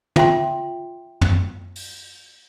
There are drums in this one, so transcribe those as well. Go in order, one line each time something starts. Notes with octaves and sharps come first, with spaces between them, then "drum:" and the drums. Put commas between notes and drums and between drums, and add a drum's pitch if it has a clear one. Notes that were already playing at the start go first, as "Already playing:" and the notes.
F4 E5 G5 C6, drum: tom
drum: tom
drum: open hi-hat